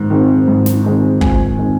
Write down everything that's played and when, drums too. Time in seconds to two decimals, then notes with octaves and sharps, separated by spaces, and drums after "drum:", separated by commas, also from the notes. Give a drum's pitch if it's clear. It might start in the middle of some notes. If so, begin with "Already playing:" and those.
Already playing: G#2 D#3
0.10 D#3 G#3 C4
0.48 G#2
0.66 drum: snare
0.84 D#3 G#3 C4
1.21 G#2 G#5, drum: kick
1.58 D#3 G#3 C4